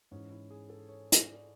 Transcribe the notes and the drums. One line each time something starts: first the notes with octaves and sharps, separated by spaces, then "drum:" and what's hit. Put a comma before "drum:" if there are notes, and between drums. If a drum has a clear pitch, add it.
G#2 E3 C#4
E4
G#4
A4
C#5
drum: hi-hat
D5